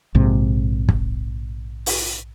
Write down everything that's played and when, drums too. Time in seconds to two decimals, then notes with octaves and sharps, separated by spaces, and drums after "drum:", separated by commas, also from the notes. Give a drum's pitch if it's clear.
0.15 A#1 G#2 C3
0.89 drum: kick
1.86 drum: open hi-hat